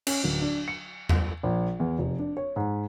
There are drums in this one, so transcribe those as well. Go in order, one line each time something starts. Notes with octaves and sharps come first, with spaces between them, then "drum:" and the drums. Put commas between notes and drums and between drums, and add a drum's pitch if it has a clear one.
C#4, drum: cymbal
D1
D4
C#7
drum: tom E2
A#1
E2
F1
D4
C#5
G#2